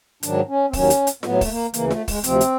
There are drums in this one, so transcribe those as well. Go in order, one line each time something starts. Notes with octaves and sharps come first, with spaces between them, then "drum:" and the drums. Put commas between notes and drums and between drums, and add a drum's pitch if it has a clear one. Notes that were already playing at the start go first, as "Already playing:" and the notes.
G#2 D#3 F#3 D4, drum: hi-hat
C#4
C4
D#2 D#3 F#3 C#4, drum: kick, open hi-hat
drum: hi-hat
drum: hi-hat
A2 F#3 B3, drum: snare F4
A3, drum: kick, open hi-hat
A#3
D2 C#3 E3 A#3, drum: hi-hat
A3, drum: snare F4
G#3, drum: kick, open hi-hat
D2 C3 F3 C4, drum: hi-hat
drum: hi-hat